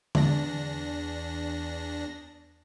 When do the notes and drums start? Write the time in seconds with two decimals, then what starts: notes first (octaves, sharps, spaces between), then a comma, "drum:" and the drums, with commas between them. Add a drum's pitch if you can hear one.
0.15 E2 D4 A#6, drum: tom D3